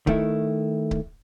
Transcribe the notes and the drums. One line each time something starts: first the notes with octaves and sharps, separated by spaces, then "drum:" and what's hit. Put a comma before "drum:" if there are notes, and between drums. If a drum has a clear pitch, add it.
D#3 A3 E4, drum: kick C#1
drum: kick C#1